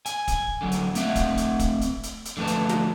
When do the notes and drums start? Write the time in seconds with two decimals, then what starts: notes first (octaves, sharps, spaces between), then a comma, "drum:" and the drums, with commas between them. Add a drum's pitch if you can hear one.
0.06 G#5, drum: hi-hat
0.28 drum: kick, hi-hat
0.62 D3 F#3
0.72 drum: hi-hat
0.95 A3 C4 E5 F#5, drum: hi-hat
1.15 drum: kick, hi-hat
1.37 drum: hi-hat
1.59 drum: kick, hi-hat
1.81 drum: hi-hat
2.03 drum: hi-hat
2.25 drum: hi-hat
2.37 D3 F3 A3 B4 A5
2.47 drum: hi-hat
2.69 drum: snare